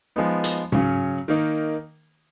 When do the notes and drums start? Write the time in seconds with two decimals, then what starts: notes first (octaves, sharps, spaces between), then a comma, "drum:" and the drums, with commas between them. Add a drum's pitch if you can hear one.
0.16 F3 G#3 B3 D#4
0.44 drum: hi-hat
0.72 C#3 F#3 C#4, drum: tom G#2
1.28 D#3 A#3 D#4